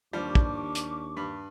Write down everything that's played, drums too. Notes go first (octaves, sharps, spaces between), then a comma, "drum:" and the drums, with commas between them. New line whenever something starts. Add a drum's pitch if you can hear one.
D#2 F3 G3 D4 C#6 D6
drum: kick
drum: hi-hat
G2 B5